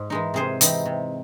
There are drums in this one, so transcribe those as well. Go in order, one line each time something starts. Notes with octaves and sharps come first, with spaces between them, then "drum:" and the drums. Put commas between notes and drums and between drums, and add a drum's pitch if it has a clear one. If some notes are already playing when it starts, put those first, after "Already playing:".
Already playing: G#2
E3 G#3 D#4
C3 G#4 C5
E3 C4 D#4, drum: hi-hat
C3